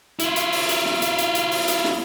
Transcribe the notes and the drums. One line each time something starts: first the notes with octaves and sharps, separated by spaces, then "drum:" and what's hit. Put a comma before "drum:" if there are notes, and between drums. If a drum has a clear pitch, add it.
E4 F4, drum: hi-hat
drum: hi-hat
drum: open hi-hat
drum: hi-hat
drum: snare
drum: hi-hat
drum: hi-hat
drum: hi-hat
drum: open hi-hat
drum: hi-hat
drum: snare